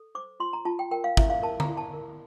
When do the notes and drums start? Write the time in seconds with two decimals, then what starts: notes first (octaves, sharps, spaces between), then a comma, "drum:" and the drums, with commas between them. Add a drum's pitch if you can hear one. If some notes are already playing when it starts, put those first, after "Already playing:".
Already playing: A4
0.15 C5 D6
0.40 F4 C6
0.53 A#5
0.65 F4 A5
0.79 G5
0.91 A#4 G5
1.04 F5
1.17 E4 E5, drum: kick
1.30 F5
1.43 A#4 A5
1.60 A#5, drum: tom D3
1.68 E4
1.77 A5
1.94 A#4